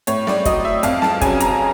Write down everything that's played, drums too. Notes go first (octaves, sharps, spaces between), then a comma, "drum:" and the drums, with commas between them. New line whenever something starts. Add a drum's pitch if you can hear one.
A2 C#5, drum: hi-hat
D5, drum: snare
F#3 D#5, drum: kick, hi-hat
E5
F2 F5, drum: hi-hat
A5, drum: snare
C#3 F#3 G#5, drum: kick, hi-hat
A#5, drum: hi-hat